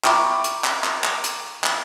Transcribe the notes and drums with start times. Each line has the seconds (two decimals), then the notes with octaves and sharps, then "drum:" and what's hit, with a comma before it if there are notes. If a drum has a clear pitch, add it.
0.04 E5 G5 A#5 B5 C#6 D6, drum: clap
0.44 drum: hi-hat
0.64 drum: clap
0.84 drum: clap
1.04 drum: clap
1.24 drum: hi-hat
1.64 drum: clap